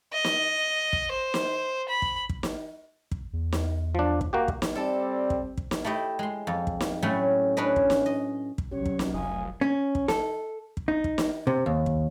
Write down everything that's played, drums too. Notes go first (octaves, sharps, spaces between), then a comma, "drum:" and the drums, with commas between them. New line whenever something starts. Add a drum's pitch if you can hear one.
D#5
drum: snare
drum: kick
C5
drum: snare
B5
drum: kick
drum: kick
drum: snare
drum: kick
E2
drum: snare
F3 D4
drum: kick
A#3 F#4 G4
drum: kick
drum: snare
G3 C4 A4 D5 A5
drum: kick
drum: kick
drum: snare
A3 E4 G4 D#5
G#3 C6
F2
drum: kick
drum: snare
A2 F#3 G3 A3 C#4
C#4 D4 B4 D#5
drum: kick
drum: snare
D#5
drum: kick
C2 F#3 C#4 G4 C#5
drum: kick
drum: snare
F1 F5 G#5 D#6
C#4
drum: kick
A4, drum: snare
drum: kick
D#4
drum: kick
drum: snare
C3
D#2
drum: kick